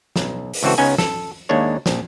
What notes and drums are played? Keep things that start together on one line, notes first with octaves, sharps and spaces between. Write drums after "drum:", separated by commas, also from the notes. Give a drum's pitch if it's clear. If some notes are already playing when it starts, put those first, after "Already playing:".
B1, drum: snare
drum: open hi-hat
C#2 E3 C4 F#4 A4
C#2 G#3 B3 C#4 D#4 G#5
A4, drum: snare
D#2 G#3 A#3 D4 C#5
A#1, drum: snare